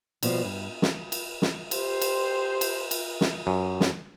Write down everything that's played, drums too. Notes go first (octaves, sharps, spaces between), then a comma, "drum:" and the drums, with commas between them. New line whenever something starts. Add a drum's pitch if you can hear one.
B2 F3 G3, drum: cymbal
G2
drum: snare
drum: cymbal
drum: snare
G4 C5, drum: cymbal
drum: cymbal
drum: cymbal
drum: cymbal
drum: snare
F#2
drum: snare